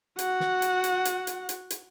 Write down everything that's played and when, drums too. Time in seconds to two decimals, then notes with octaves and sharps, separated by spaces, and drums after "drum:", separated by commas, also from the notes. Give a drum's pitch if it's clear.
0.19 F#4 F#5, drum: hi-hat
0.40 drum: snare
0.62 drum: hi-hat
0.84 drum: hi-hat
1.05 drum: hi-hat
1.27 drum: hi-hat
1.49 drum: hi-hat
1.70 drum: hi-hat